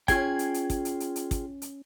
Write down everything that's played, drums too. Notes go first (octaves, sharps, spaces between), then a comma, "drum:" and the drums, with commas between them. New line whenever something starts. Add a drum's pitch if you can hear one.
C#4 F4 G#4 G5 G#6, drum: kick, hi-hat
drum: hi-hat
drum: hi-hat
drum: kick, hi-hat
drum: hi-hat
drum: hi-hat
drum: hi-hat
drum: kick, hi-hat
drum: hi-hat